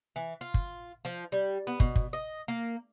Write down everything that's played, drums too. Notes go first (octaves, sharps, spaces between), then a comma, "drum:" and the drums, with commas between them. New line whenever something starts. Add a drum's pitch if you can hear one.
E3
F4
drum: kick
F3
G3
B3
B2, drum: kick
drum: kick
D#5
A#3